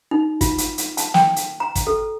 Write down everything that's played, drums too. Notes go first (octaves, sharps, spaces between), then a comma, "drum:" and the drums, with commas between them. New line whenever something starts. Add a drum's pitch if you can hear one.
D#4
F4, drum: kick, hi-hat
drum: hi-hat
drum: hi-hat
A5, drum: hi-hat
G5, drum: snare
drum: hi-hat
A#5
drum: kick, hi-hat
A4